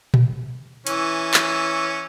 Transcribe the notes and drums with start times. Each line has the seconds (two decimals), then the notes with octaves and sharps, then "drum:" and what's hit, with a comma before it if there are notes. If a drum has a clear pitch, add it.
0.14 drum: tom A#2
0.87 E3 C#4, drum: hi-hat
1.34 drum: clap